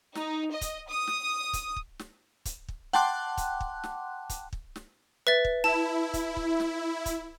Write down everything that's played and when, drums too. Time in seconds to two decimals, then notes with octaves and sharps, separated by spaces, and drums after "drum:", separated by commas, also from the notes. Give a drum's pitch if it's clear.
0.15 D#4, drum: snare
0.52 D#5
0.61 drum: kick, hi-hat
0.89 D#6
1.07 drum: snare
1.53 drum: kick, hi-hat
1.76 drum: kick
1.99 drum: snare
2.45 drum: kick, hi-hat
2.68 drum: kick
2.93 F#5 G5 A5 C6 D6 F#6, drum: snare
3.38 drum: kick, hi-hat
3.61 drum: kick
3.84 drum: snare
4.30 drum: kick, hi-hat
4.53 drum: kick
4.76 drum: snare
5.27 B4 E5 A6
5.45 drum: kick
5.64 E4 A5
6.14 drum: kick, hi-hat
6.37 drum: kick
6.60 drum: snare
7.06 drum: kick, hi-hat